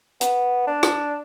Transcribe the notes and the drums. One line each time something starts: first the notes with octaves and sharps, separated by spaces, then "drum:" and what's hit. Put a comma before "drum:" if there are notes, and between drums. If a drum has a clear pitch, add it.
B3, drum: hi-hat
D4
drum: rim click